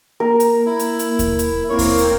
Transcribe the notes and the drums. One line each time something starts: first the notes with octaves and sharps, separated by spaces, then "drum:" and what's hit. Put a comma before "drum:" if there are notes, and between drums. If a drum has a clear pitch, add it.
A#3 A#4
drum: hi-hat
E4
drum: hi-hat
drum: hi-hat
drum: kick D#2, hi-hat
drum: hi-hat
A#3 C4 E4 C#5
drum: kick D#2, open hi-hat
drum: hi-hat